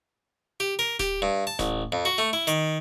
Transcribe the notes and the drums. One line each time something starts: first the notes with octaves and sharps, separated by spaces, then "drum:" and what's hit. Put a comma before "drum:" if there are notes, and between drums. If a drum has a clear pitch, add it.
G4
A#4
G4, drum: snare D1
G2
A5
A1, drum: snare D1
F2
F#4
A3
E4
D#3, drum: hi-hat